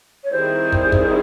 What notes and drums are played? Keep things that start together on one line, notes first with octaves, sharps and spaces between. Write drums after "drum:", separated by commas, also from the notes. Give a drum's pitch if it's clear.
C#5
D#3 G3 C4 E4 G#4 C5
drum: kick
drum: kick